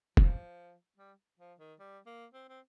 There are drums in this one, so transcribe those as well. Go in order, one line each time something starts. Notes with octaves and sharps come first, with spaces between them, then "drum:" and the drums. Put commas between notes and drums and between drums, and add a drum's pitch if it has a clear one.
F3, drum: kick F1
G3
F3
D#3
G3
A#3
C4
C4